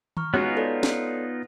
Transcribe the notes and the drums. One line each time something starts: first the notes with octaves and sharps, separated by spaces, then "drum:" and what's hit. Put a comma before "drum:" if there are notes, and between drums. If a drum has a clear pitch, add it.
A#5 C#6 F6, drum: tom D#3
G#3 B3 C#4 D#4 F4 F#4
A4 C#5 D5
drum: snare